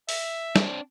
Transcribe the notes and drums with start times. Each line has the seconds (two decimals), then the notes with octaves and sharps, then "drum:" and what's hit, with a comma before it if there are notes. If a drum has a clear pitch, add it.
0.09 E5, drum: open hi-hat
0.56 C4 D4, drum: snare